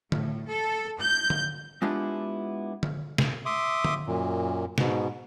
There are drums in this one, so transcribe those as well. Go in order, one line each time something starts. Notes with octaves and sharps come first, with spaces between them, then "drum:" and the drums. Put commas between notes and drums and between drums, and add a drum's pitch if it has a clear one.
A2, drum: tom
A4
G6
drum: tom
G#3 B3 D4 E4 F4 G4
drum: tom
drum: snare
E5 C6 D6 D#6
drum: tom
F#2 A#2
G#2 B2, drum: snare